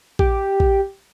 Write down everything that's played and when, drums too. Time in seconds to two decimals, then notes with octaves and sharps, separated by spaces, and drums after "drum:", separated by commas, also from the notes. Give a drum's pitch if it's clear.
0.19 G4, drum: kick
0.60 drum: kick